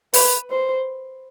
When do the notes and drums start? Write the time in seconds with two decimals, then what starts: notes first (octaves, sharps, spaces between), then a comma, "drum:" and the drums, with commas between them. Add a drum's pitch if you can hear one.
0.14 B4, drum: open hi-hat
0.50 C5